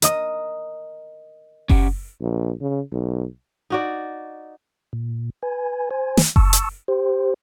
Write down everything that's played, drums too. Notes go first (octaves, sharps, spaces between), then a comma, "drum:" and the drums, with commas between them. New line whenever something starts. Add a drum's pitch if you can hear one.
A#4 D#5 D#6, drum: hi-hat
C#4 G4 F#5, drum: kick F#1
A#1
C#3
B1
D#4 F#4 D5
A#2
B4 G#5
C5 G#5
drum: snare
A5 C#6 E6, drum: kick F#1
drum: hi-hat
G4 C5